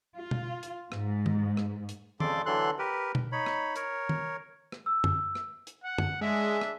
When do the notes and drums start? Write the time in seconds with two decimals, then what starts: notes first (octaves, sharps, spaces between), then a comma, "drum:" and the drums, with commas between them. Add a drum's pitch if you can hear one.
0.17 F4
0.31 drum: tom B2
0.63 drum: hi-hat
0.92 G#2, drum: rim click
1.26 drum: tom
1.57 drum: rim click
1.89 drum: hi-hat
2.20 F2 C#3 A4 D5 C6 D6, drum: tom
2.46 D3 E3 F#3 A4 C6 F#6
2.79 G4 A#4 B4
3.15 drum: tom B2
3.32 D#4 C#5 B5
3.46 drum: rim click
3.76 A#4 C#5, drum: hi-hat
4.09 drum: tom
4.72 drum: rim click
4.86 E6
5.04 drum: tom
5.35 drum: rim click
5.67 drum: hi-hat
5.83 F#5
5.98 drum: tom
6.21 G#3 D4 E5
6.61 drum: rim click